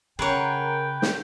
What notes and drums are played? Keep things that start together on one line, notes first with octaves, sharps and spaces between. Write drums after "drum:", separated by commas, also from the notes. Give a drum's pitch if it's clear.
C#3 G#4 A#4 B4 C#5 F#5 G5
drum: snare